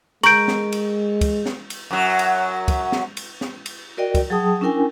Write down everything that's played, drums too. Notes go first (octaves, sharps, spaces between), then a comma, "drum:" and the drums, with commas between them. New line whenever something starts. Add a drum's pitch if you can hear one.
G#3 A#4 C#6 G6 D7 F#7, drum: cymbal
drum: snare
drum: cymbal
drum: kick, cymbal
drum: snare
drum: cymbal
F#2 F#3
drum: cymbal
drum: kick, cymbal
drum: snare
drum: cymbal
drum: snare
drum: cymbal
F#4 A#4 D5 D#5 G5
drum: kick, cymbal
F#3 G#4 G5 A5 D#6
C#4 D4 E4 A#4 G5 G#5